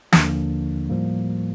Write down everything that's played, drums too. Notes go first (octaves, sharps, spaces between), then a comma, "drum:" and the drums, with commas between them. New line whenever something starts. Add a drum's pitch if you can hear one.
D#2 D3 F3 A#3 D4, drum: snare
A2 F3 G3 A#3